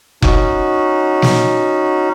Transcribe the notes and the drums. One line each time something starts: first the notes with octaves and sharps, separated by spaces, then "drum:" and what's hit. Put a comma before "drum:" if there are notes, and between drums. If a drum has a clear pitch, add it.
C#4 D#4 F#4, drum: kick F1
drum: snare